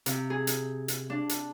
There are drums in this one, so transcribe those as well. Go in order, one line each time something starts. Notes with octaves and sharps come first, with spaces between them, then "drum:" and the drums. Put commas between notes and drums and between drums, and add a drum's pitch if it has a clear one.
C3, drum: hi-hat
G#4
drum: hi-hat
drum: hi-hat
D4
drum: hi-hat